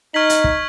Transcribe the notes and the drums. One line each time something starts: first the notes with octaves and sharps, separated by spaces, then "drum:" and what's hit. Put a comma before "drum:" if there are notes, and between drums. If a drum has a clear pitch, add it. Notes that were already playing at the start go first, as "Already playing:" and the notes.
D#4 C#6 F6 G#6 B6 F#7
drum: hi-hat
drum: kick